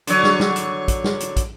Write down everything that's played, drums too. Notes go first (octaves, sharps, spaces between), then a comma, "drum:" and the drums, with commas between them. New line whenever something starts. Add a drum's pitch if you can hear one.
D3 F#3, drum: hi-hat
drum: snare
drum: snare
drum: hi-hat
drum: kick, hi-hat
drum: snare
drum: hi-hat
drum: kick, hi-hat